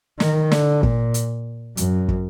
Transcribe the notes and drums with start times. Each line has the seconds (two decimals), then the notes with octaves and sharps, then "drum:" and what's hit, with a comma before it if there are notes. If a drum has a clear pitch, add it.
0.20 D#3, drum: snare
0.51 D3, drum: snare
0.83 A#2, drum: kick
1.14 drum: hi-hat
1.77 F#2, drum: hi-hat
2.08 drum: kick